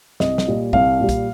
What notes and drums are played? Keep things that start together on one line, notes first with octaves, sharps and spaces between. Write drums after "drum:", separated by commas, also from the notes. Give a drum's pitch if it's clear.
C2 D#5, drum: snare
drum: snare
A#2 G3
C2 F5, drum: kick
A#2 G3
drum: kick, hi-hat